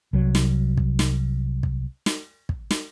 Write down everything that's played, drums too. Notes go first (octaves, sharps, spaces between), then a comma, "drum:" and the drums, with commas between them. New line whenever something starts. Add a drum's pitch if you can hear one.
C2 F#3
drum: snare
drum: kick
drum: snare
drum: kick
drum: snare
drum: kick
drum: snare